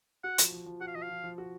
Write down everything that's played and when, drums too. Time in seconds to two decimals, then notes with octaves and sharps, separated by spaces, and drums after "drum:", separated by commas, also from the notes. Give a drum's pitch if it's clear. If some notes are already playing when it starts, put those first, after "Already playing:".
0.24 F#4 F#5
0.38 F3, drum: hi-hat
0.52 F3
0.66 F3
0.81 F#4 F#5
0.87 F5
0.95 F3 D#5
1.03 F5
1.09 F3
1.24 F3
1.38 F#4